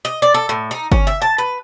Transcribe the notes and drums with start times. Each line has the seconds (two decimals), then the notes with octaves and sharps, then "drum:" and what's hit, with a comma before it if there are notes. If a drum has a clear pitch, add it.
0.05 D#5
0.22 D5
0.34 A4
0.49 A2
0.71 D#4
0.92 C#4, drum: kick G1
1.07 E5
1.22 A5
1.38 B4